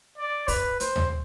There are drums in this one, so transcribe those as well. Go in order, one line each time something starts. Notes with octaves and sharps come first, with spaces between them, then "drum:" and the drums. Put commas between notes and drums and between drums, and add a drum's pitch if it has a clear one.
D5
B4, drum: kick, open hi-hat
C5, drum: hi-hat
drum: tom D2